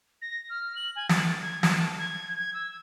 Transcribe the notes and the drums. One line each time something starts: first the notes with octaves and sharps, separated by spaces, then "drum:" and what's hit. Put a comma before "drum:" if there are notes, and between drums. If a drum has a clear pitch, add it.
A#6
F6
F#7
G#5
A6, drum: snare
G#6
A5, drum: snare
G#6
G#6
E6